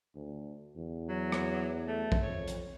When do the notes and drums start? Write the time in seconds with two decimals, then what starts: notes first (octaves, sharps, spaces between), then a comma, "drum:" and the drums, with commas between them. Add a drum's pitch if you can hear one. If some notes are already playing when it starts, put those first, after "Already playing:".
0.15 D2
0.77 E2
1.09 F#3
1.32 drum: rim click
1.87 A3
2.12 drum: kick A#1
2.23 F2 C#5
2.48 drum: hi-hat